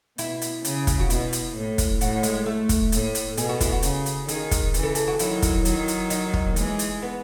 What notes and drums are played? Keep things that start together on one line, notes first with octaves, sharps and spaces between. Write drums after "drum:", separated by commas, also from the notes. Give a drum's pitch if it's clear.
B2 E4, drum: hi-hat
drum: hi-hat
C#3, drum: hi-hat
drum: kick, hi-hat
F#4
B2 E4, drum: hi-hat
drum: hi-hat
A2
drum: kick, hi-hat
A2 F#4, drum: hi-hat
G#3, drum: hi-hat
A3
drum: kick, hi-hat
A2, drum: hi-hat
drum: hi-hat
B2 G#4, drum: hi-hat
F#4
E4, drum: kick, hi-hat
F#4
C#3, drum: hi-hat
drum: hi-hat
D#3 G#4, drum: hi-hat
drum: kick, hi-hat
C#3 E3, drum: hi-hat
A4
G#4, drum: hi-hat
F#4
D#3 F#3 E4, drum: hi-hat
drum: kick, hi-hat
D#3 F#3, drum: hi-hat
drum: hi-hat
D#4, drum: hi-hat
drum: kick
E3 G#3, drum: hi-hat
drum: hi-hat
B3